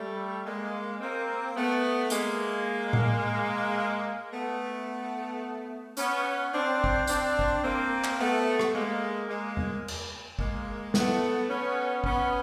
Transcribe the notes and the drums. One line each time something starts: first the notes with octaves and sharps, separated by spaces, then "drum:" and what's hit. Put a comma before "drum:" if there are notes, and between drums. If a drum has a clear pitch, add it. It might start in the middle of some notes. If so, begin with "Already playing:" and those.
Already playing: G3 A3
G#3 A#3
A#3 C4
A3 B3
G#3 A#3, drum: hi-hat
drum: tom A2
A3 B3
B3 C#4, drum: hi-hat
C4 D4
drum: kick
C4 D4, drum: hi-hat
drum: kick
A#3 C4
drum: clap
A3 B3
drum: rim click
G#3 A#3
G#3 A#3
drum: tom E2
drum: cymbal
G#3 A#3, drum: kick
A3 B3, drum: snare
B3 C#4
B3 C#4, drum: kick